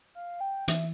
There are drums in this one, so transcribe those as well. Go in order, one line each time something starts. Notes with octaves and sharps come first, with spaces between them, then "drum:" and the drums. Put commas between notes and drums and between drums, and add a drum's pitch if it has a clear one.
F5
G5
E3 E5, drum: hi-hat